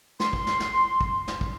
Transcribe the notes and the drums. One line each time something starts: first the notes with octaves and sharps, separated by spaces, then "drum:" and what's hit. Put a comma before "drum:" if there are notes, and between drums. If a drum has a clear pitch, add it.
C6, drum: snare
drum: kick
drum: snare
drum: snare
drum: kick
drum: snare
drum: kick